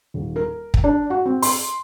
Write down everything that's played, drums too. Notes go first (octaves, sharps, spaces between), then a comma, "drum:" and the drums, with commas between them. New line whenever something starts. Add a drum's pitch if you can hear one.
D#1
A#4
drum: kick
D4
F#4
C4
C6, drum: open hi-hat